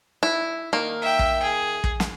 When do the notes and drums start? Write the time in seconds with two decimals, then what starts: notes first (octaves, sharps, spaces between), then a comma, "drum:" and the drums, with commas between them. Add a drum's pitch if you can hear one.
0.23 E4
0.73 D#3 A#3
1.01 E5 G5
1.19 drum: kick
1.43 G#4
1.84 drum: kick
2.00 drum: snare